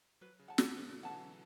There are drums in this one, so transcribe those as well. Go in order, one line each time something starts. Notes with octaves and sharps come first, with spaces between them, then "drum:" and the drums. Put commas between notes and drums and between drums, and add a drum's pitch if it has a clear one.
F#3 B4
C#3
F#5 A5
C#3, drum: snare
B2 B4
D3
E3 F#5 A5
F#3